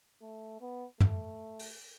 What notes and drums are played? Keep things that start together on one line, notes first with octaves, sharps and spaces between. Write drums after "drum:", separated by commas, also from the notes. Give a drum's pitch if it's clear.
A3
B3
A3, drum: tom
drum: open hi-hat